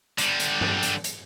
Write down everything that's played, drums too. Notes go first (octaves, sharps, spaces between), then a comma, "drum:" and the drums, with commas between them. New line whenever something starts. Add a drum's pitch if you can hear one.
D3 G3, drum: hi-hat
drum: hi-hat
drum: tom G2
drum: hi-hat
drum: hi-hat